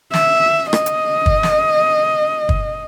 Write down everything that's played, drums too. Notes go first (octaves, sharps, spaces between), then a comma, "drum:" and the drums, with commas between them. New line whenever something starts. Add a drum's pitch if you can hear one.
E5, drum: snare
D#5, drum: rim click
drum: hi-hat
drum: kick
drum: snare
drum: kick